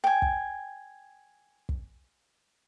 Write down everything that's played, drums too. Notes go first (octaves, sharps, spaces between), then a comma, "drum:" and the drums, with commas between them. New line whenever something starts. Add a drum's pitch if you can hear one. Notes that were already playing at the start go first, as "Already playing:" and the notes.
G5 G#5
drum: kick
drum: kick